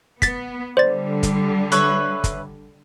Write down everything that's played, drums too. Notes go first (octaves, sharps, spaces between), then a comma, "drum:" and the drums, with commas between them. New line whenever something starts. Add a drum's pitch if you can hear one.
B3 A6 B6, drum: kick, hi-hat
D3 G3 C5 D5 A6
drum: kick, hi-hat
B4 C#5 E5, drum: hi-hat
drum: kick, hi-hat